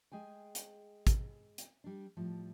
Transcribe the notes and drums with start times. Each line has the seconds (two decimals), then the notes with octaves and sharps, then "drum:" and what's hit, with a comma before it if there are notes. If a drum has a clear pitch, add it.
0.12 G#3 G#4 G5 G#5
0.55 drum: hi-hat
1.07 drum: kick, hi-hat
1.58 drum: hi-hat
1.84 G3 D4
2.17 A2 F3 G3